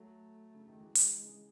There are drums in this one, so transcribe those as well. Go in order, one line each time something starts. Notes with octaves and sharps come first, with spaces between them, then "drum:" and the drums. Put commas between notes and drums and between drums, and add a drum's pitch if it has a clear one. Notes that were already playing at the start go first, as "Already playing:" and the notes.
Already playing: F#3 A3
C#3
D#3
E3 G#3
drum: hi-hat
C#3